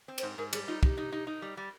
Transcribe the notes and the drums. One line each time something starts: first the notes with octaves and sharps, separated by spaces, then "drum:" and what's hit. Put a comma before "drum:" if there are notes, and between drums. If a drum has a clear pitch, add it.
C4
C5, drum: cymbal
G#2
G#2 A#4
G3 G#4, drum: cymbal
D#4 F4
D#4 G4, drum: kick
D#4
D#4
D#4
G3
G3